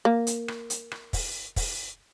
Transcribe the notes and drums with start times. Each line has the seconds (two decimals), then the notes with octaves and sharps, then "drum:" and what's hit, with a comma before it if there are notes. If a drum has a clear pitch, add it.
0.05 A#3
0.27 drum: hi-hat
0.48 drum: rim click
0.70 drum: hi-hat
0.92 drum: rim click
1.13 drum: kick, open hi-hat
1.56 drum: kick, open hi-hat